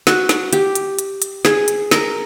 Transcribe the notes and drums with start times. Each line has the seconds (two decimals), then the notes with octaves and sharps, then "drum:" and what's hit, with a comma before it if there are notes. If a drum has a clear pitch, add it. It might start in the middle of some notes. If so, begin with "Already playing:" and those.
0.07 F#4, drum: snare
0.29 drum: snare
0.53 G4, drum: hi-hat
0.75 drum: hi-hat
0.99 drum: hi-hat
1.22 drum: hi-hat
1.45 G#4, drum: snare
1.68 drum: hi-hat
1.91 A#4, drum: snare